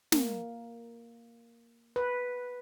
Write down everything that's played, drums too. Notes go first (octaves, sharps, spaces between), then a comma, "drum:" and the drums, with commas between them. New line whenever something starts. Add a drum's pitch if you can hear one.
A#3, drum: snare
B4